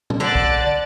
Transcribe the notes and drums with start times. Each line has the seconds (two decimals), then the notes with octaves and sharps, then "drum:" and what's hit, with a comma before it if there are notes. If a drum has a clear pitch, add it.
0.10 drum: tom A#2
0.20 D3 A4 D5 F#6 A6
0.35 drum: kick B1